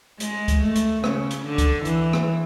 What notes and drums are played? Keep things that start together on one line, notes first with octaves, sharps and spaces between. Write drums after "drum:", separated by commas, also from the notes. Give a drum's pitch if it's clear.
G#3, drum: hi-hat
drum: kick C#2, hi-hat
A3
drum: hi-hat
C#3, drum: rim click
drum: hi-hat
D3
drum: kick C#2, hi-hat
E3, drum: hi-hat
drum: rim click